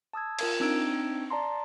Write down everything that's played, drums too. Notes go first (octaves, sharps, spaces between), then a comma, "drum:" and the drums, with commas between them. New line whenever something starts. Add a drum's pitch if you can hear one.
A5 D#6 E6 G#6
F4 A#4 G#6, drum: cymbal
C4 D4 D#4 E6 G#6 D7
D5 A5 A#5 C6